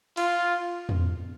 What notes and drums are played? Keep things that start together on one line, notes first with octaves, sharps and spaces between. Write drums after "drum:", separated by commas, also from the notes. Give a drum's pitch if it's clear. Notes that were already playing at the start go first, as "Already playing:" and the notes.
F4, drum: cymbal
drum: tom E2